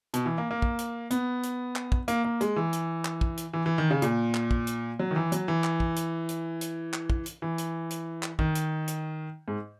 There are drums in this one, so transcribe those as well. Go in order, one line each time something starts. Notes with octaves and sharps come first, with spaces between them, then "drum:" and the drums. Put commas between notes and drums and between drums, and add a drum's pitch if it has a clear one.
B2, drum: hi-hat
E3
A#3
A#3
drum: kick
drum: hi-hat
B3, drum: hi-hat
drum: hi-hat
drum: clap
drum: kick
A#3, drum: hi-hat
A#3
G#3, drum: hi-hat
E3
drum: hi-hat
drum: clap
drum: kick
drum: hi-hat
E3
E3
D#3
C#3
A#2, drum: hi-hat
drum: clap
drum: kick
drum: hi-hat
F#3
D#3
E3
F#3, drum: hi-hat
E3
drum: clap
drum: kick
drum: hi-hat
drum: hi-hat
drum: hi-hat
drum: clap
drum: kick
drum: hi-hat
E3
drum: hi-hat
drum: hi-hat
drum: clap
D#3, drum: kick
drum: hi-hat
drum: hi-hat
G#2